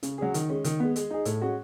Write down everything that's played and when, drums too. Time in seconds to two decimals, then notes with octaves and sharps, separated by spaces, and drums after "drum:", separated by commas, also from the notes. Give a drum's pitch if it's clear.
0.03 C#3, drum: hi-hat
0.18 F#3 C#4 G#4
0.34 D#3, drum: hi-hat
0.49 G#3 C#4
0.64 D#3, drum: hi-hat
0.80 G#3 B3
0.96 G#3, drum: hi-hat
1.11 D#4 G#4
1.25 A2, drum: hi-hat
1.41 G#3 C#4 F#4